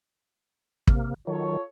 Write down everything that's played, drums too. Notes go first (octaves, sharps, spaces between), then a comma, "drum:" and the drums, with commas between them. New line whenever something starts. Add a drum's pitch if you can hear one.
C3 A#3, drum: kick
D#3 F#3 F4 A4 C#5